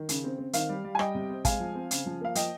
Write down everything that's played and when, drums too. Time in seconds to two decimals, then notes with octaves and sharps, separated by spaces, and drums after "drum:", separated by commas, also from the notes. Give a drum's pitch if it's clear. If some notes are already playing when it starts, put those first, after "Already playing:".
Already playing: D#3
0.09 C#3, drum: hi-hat
0.24 C4
0.38 C4
0.53 D#3 F5, drum: hi-hat
0.69 G3
0.84 G3
0.95 G#5
0.99 G3 D#5 G5, drum: rim click
1.15 C3
1.30 C4
1.45 G#3 F5 G#5, drum: kick, hi-hat
1.60 F3
1.75 C4
1.91 C#3, drum: hi-hat
2.06 F3
2.21 A#3 F5
2.35 F3 D#5 G5, drum: hi-hat